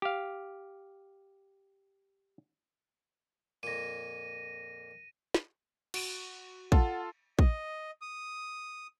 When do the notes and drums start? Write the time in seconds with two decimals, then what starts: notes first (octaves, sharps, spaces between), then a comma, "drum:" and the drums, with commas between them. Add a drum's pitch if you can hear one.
0.02 G4 F5
3.63 F2 A#2 A#6 D#7
5.34 drum: snare
5.94 F#4 D7 D#7, drum: cymbal
6.72 F4 A4 F#5 A5, drum: kick
7.39 D#5, drum: kick
8.02 D#6